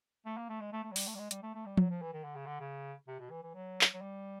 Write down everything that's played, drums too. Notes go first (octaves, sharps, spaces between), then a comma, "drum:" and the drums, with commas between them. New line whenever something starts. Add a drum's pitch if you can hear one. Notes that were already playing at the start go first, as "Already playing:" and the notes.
A3
A#3
A3
G#3
A3
A3
F#3
G3, drum: open hi-hat
A3
G3
G#3
G3, drum: hi-hat
A3
A3
G3
F#3, drum: tom F3
F3
E3
D#3
D3
C#3
D3
C#3
C3
B2
E3
E3
F#3
drum: clap
F#3
G3